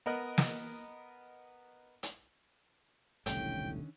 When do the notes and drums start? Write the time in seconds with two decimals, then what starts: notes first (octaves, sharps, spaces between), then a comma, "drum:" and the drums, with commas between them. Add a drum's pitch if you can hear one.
0.06 B3 A#4 D#5 F#6
0.38 drum: snare
2.03 drum: hi-hat
3.26 E1 C2 A2 D3 D#3 C#4 G5, drum: hi-hat